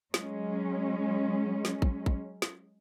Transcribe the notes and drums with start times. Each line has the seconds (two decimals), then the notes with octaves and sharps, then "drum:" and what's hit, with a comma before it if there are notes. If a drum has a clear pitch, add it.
0.14 F#3 G#3 C#4, drum: snare
1.65 drum: snare
1.82 drum: kick
2.06 drum: kick
2.42 drum: snare